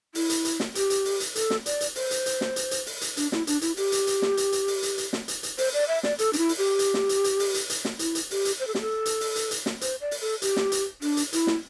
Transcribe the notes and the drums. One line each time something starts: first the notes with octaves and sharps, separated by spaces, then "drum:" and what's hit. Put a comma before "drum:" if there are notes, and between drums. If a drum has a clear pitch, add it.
E4, drum: open hi-hat
drum: hi-hat
drum: hi-hat
drum: snare
G4, drum: hi-hat
drum: hi-hat
drum: open hi-hat
drum: hi-hat
A4, drum: hi-hat
drum: snare
D5, drum: hi-hat
drum: hi-hat
C5, drum: open hi-hat
drum: hi-hat
drum: hi-hat
drum: snare
drum: hi-hat
drum: hi-hat
drum: open hi-hat
drum: hi-hat
D4, drum: hi-hat
E4, drum: snare
D4, drum: hi-hat
E4, drum: hi-hat
G4, drum: open hi-hat
drum: hi-hat
drum: hi-hat
drum: snare
drum: hi-hat
drum: hi-hat
drum: open hi-hat
drum: hi-hat
drum: hi-hat
drum: snare
drum: hi-hat
drum: hi-hat
C5, drum: open hi-hat
D5
E5
D5, drum: snare
A4, drum: hi-hat
D4, drum: hi-hat
E4
drum: open hi-hat
G4
drum: hi-hat
drum: snare
drum: hi-hat
drum: hi-hat
drum: open hi-hat
drum: hi-hat
drum: hi-hat
drum: snare
E4, drum: hi-hat
drum: hi-hat
G4, drum: open hi-hat
drum: hi-hat
C5
A4
G4, drum: snare
A4
drum: hi-hat
drum: open hi-hat
drum: hi-hat
drum: hi-hat
drum: snare
C5, drum: hi-hat
D5
drum: open hi-hat
A4
G4, drum: hi-hat
drum: snare
drum: hi-hat
D4, drum: open hi-hat
drum: hi-hat
E4, drum: hi-hat
drum: snare